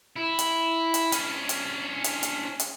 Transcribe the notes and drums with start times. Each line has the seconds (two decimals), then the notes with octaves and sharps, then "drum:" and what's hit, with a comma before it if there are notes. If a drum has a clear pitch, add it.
0.16 E4
0.39 drum: hi-hat
0.94 drum: hi-hat
1.12 C#4 D4, drum: hi-hat
1.49 drum: hi-hat
2.04 drum: hi-hat
2.23 drum: hi-hat
2.60 drum: hi-hat